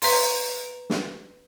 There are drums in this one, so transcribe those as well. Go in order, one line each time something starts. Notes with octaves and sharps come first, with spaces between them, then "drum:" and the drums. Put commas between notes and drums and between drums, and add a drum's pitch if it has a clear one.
B4 A#5 C6, drum: open hi-hat
drum: snare